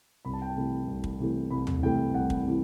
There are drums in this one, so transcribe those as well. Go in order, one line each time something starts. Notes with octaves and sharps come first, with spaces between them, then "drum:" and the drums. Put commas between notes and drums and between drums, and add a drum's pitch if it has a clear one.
C2 B5
A5
G5
A5
C3 E3 A3
C2
drum: kick
C3 E3 A3
C2 B5
drum: tom
C3 E3 A3 G5
C2 F#5
drum: kick
C3 E3